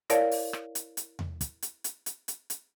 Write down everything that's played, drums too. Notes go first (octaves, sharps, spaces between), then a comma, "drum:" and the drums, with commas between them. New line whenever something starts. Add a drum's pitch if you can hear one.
E4 A#4 C#5 D5 F5 A5, drum: hi-hat
drum: open hi-hat
drum: rim click
drum: hi-hat
drum: hi-hat
drum: tom E2
drum: kick, hi-hat
drum: hi-hat
drum: hi-hat
drum: hi-hat
drum: hi-hat
drum: hi-hat